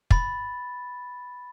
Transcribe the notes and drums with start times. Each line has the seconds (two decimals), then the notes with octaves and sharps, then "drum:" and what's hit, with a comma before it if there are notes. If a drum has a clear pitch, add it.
0.11 B5 A6, drum: kick